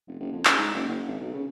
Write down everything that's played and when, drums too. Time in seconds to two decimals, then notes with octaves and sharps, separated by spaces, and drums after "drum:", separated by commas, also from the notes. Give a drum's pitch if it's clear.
0.07 F1
0.20 F#1
0.32 F2
0.45 C#3, drum: clap
0.57 G#2
0.74 F#1
0.89 F#1
1.08 G#1
1.19 B1
1.33 C#3